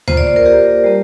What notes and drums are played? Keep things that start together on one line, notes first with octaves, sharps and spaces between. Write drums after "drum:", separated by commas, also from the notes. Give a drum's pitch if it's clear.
A#3 F4 C5, drum: tom D2
D5
C5
A#4
A#3 F4 G4
G3 A#3